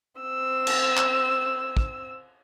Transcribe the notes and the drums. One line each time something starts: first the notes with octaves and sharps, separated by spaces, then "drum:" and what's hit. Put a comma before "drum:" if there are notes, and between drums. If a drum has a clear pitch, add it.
C4 E6
drum: cymbal
drum: clap
drum: kick